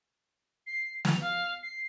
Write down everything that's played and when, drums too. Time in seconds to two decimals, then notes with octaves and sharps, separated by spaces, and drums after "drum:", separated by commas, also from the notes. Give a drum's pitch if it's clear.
0.67 C7
1.05 F7, drum: snare
1.21 F5
1.63 C7